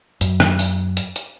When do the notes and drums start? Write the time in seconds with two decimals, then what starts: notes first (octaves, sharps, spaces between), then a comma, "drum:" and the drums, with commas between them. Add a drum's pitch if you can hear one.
0.21 F#2, drum: hi-hat
0.40 drum: rim click
0.59 drum: open hi-hat
0.97 drum: hi-hat
1.16 drum: hi-hat